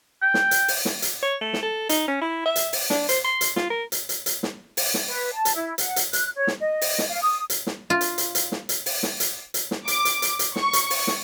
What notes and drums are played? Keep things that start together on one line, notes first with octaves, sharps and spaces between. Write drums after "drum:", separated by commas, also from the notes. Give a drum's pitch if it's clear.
G5
drum: snare
drum: hi-hat
drum: open hi-hat
drum: snare
drum: hi-hat
C#5
A3
drum: snare
A4
D#4, drum: hi-hat
C#4
E4
E5
drum: hi-hat
drum: open hi-hat
D4, drum: snare
C5, drum: hi-hat
C6
drum: hi-hat
F4, drum: snare
A#4
drum: hi-hat
drum: hi-hat
drum: hi-hat
drum: snare
drum: open hi-hat
drum: snare
B4
A5
drum: hi-hat
E4
F#5, drum: hi-hat
drum: hi-hat
F#6, drum: hi-hat
C#5
drum: snare
D#5
drum: open hi-hat
drum: snare
F5
D#6
drum: hi-hat
drum: snare
F4
drum: hi-hat
drum: hi-hat
drum: hi-hat
drum: snare
drum: hi-hat
drum: open hi-hat
drum: snare
drum: hi-hat
drum: hi-hat
drum: snare
D6, drum: hi-hat
drum: hi-hat
drum: hi-hat
drum: hi-hat
C#6, drum: snare
drum: hi-hat
drum: open hi-hat
drum: snare